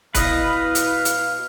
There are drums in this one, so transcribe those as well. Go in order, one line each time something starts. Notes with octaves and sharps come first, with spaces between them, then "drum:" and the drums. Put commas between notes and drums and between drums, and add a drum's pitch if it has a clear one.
B2 E4 B4 D#5 F5, drum: kick C#1, hi-hat
drum: hi-hat
drum: hi-hat